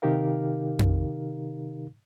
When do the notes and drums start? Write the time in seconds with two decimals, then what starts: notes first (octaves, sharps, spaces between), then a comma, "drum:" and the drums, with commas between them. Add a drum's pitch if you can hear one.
0.02 C3 D#3 D#4 G4 A#4 F5
0.79 drum: tom F2